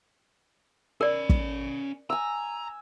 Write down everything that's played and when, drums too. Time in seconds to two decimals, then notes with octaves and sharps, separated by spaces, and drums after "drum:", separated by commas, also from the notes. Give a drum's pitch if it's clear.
1.01 C#4 A#4 D5 B5
1.29 drum: kick
2.10 G#5 A#5 E6